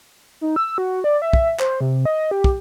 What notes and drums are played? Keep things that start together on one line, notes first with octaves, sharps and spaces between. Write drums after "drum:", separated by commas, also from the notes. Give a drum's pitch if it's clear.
D#4
E6
F#4
D5
E5
drum: kick
C5, drum: clap
C3
D#5
G4
drum: kick